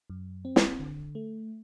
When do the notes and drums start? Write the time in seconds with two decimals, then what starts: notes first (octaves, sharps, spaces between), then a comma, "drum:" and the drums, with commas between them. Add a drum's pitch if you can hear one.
0.10 F#2
0.45 C4
0.56 drum: snare
0.79 D3
1.15 A3